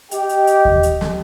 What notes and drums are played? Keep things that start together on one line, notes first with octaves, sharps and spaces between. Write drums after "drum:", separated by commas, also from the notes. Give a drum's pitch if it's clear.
G4 D#5 G5, drum: hi-hat
drum: hi-hat
drum: hi-hat
drum: kick D#2
drum: hi-hat
drum: snare